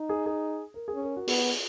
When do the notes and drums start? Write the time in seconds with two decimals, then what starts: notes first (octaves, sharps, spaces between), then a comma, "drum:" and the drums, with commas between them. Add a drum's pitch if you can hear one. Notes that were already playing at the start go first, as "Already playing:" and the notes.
Already playing: D#4
0.09 G#4
0.26 G#4
0.74 A#4
0.88 G#4
0.94 C#4
1.02 A#4
1.17 F#4
1.28 B3 G#4, drum: open hi-hat